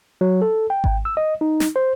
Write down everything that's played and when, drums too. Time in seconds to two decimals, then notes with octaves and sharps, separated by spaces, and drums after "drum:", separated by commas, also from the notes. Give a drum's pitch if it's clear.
0.21 F#3
0.42 A4
0.70 G5
0.84 drum: kick G#1
1.05 E6
1.17 D#5
1.41 D#4
1.60 drum: snare
1.76 C5